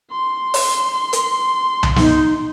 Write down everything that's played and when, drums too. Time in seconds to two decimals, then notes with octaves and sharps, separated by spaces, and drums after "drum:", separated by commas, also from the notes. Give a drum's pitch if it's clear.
0.12 C6
0.54 drum: open hi-hat
1.13 drum: hi-hat
1.83 drum: tom C2
1.96 D#4, drum: snare